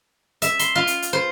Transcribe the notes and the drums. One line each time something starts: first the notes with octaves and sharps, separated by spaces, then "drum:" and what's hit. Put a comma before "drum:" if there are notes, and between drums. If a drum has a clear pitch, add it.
E5, drum: hi-hat
C6, drum: hi-hat
F4
drum: hi-hat
drum: hi-hat
C5